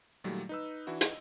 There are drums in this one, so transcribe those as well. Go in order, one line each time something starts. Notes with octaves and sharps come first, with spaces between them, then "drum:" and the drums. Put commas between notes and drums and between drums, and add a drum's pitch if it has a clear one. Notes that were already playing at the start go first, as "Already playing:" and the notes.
A#2 D#3 F#3 G3 A3
D#4 B4 E6
E3 D4 E4 F#4
D#5, drum: hi-hat